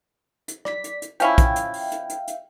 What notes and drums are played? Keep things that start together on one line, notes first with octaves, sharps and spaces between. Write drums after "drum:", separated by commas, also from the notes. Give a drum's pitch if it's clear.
drum: hi-hat
D5 B6, drum: rim click
drum: hi-hat
drum: hi-hat
F3 C#4 E4 E5 F5 G5, drum: hi-hat
drum: kick, hi-hat
drum: hi-hat
drum: open hi-hat
drum: hi-hat
drum: hi-hat
drum: hi-hat